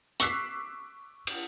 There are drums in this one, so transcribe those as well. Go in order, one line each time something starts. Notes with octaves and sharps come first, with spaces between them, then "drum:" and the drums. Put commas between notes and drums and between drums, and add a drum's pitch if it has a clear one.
C#6 D6 E6 F#6 B6 C7, drum: hi-hat
drum: cymbal